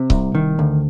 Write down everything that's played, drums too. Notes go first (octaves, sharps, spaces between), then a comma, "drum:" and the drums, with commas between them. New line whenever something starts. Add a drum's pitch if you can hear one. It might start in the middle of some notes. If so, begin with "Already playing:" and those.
Already playing: C3
C2, drum: kick C#1
D#3
D2